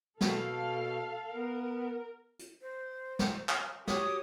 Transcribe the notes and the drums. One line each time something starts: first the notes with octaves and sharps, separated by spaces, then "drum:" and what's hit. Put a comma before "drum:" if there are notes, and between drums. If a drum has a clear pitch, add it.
B2 A4 F5, drum: snare
B3 A#4
drum: hi-hat
C5
drum: snare
drum: clap
F#4 G4 C#5 D#6, drum: snare